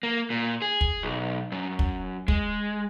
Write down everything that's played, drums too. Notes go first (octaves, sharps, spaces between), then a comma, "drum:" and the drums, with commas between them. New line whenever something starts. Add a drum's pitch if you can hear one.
A#3
A#2
G#4
drum: kick
B1
F#2
drum: kick
G#3, drum: kick